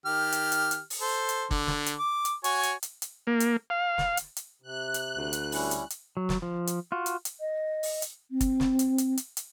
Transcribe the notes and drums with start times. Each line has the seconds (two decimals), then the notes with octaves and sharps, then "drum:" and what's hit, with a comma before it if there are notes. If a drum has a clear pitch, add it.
0.06 D#3 G4 F6
0.32 drum: hi-hat
0.52 drum: hi-hat
0.71 drum: hi-hat
0.90 drum: open hi-hat
1.01 A4 C5
1.29 drum: hi-hat
1.51 D3, drum: kick
1.67 drum: snare
1.86 drum: hi-hat
1.98 D6
2.25 drum: hi-hat
2.44 F#4 C#5 G#5, drum: hi-hat
2.63 drum: hi-hat
2.83 drum: hi-hat
3.02 drum: hi-hat
3.27 A#3
3.40 drum: hi-hat
3.70 F5
3.98 drum: snare
4.17 drum: hi-hat
4.37 drum: hi-hat
4.62 C3 F#6
4.94 drum: hi-hat
5.17 D2
5.33 drum: hi-hat
5.52 G3 C#4 E4, drum: open hi-hat
5.71 drum: hi-hat
5.90 drum: hi-hat
6.17 F#3
6.29 drum: snare
6.42 F3
6.67 drum: hi-hat
6.92 F4 F#4
7.06 drum: hi-hat
7.25 drum: hi-hat
7.40 D#5
7.83 drum: open hi-hat
8.02 drum: hi-hat
8.31 C4
8.41 drum: kick, hi-hat
8.60 drum: snare
8.79 drum: hi-hat
8.98 drum: hi-hat
9.18 drum: hi-hat
9.37 drum: hi-hat